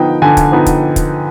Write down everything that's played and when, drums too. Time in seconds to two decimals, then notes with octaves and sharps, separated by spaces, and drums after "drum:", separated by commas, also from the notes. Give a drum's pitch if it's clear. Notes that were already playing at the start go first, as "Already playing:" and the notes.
Already playing: D3 F3 B3 D#4 G5
0.22 D3 G#5
0.37 drum: kick, hi-hat
0.52 F3 B3 D#4
0.66 drum: kick, hi-hat
0.96 drum: kick, hi-hat